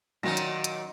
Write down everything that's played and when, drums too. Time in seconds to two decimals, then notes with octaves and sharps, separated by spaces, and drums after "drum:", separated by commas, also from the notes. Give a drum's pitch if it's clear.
0.23 A#2 D#3 F#3 C#4 A#6
0.37 drum: hi-hat
0.64 drum: hi-hat